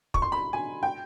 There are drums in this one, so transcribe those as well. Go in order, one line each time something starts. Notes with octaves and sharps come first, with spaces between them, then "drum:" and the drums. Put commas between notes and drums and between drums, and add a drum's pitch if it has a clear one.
C#6, drum: kick
C6
B5
G#5
G5